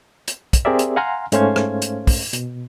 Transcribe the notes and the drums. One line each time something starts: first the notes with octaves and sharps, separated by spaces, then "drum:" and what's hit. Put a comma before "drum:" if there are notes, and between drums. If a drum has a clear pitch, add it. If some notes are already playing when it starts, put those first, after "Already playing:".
drum: hi-hat
drum: kick, hi-hat
C4 G4 G#4 A#4 D5 E5
drum: hi-hat
F5 F#5 G#5 A#5 C6 F6
G#2 A3 C#4 C5 F5 G#6, drum: hi-hat
drum: rim click
drum: hi-hat
drum: kick, open hi-hat
B2, drum: hi-hat